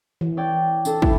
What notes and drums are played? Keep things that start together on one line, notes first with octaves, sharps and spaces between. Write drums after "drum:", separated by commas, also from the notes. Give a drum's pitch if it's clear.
E3
C#5 D5 G5
D4 A4, drum: tambourine
E4, drum: kick